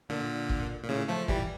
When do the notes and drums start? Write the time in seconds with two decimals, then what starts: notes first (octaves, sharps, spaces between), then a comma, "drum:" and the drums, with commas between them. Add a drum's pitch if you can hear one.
0.09 A#2 D3
0.49 drum: kick
0.83 A#2
0.89 A2 C#3
1.08 F3 A3
1.28 E3 G3, drum: kick